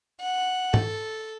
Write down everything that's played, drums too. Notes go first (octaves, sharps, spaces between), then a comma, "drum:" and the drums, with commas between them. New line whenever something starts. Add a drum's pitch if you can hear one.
F#5
A4, drum: tom G#2